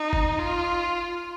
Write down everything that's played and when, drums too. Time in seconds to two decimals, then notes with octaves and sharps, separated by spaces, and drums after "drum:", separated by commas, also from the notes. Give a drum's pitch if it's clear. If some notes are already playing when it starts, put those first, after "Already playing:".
Already playing: D#4
0.13 drum: kick G1
0.39 F4